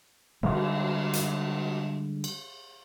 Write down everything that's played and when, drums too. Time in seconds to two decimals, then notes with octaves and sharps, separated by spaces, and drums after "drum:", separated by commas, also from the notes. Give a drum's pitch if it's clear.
0.43 D3 G3 G#3, drum: cymbal
1.13 drum: hi-hat
2.24 drum: cymbal